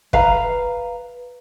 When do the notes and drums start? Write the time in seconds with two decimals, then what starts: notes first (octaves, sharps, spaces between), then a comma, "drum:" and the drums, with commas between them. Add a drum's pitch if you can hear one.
0.13 B4 F5 A#5, drum: kick